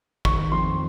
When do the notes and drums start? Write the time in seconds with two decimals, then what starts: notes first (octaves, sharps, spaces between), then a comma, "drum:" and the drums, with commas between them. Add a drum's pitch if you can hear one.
0.25 D#3 C#6, drum: kick A1
0.52 F2 C6